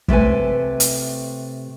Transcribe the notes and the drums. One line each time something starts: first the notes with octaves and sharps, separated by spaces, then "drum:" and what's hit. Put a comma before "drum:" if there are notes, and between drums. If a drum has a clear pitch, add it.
C3 A3 B4 G#5, drum: kick
drum: hi-hat